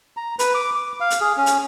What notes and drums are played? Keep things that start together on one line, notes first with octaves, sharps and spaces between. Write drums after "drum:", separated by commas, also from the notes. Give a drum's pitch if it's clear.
A#5
B4, drum: hi-hat
D6
D6
F5
drum: hi-hat
G#4
C#4
drum: hi-hat